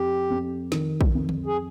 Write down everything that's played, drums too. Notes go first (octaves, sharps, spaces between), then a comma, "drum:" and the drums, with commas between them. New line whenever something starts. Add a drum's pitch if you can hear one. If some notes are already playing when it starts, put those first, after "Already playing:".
Already playing: F2 G4
F2
D#3, drum: snare
drum: kick
F2
drum: tom D3
G#4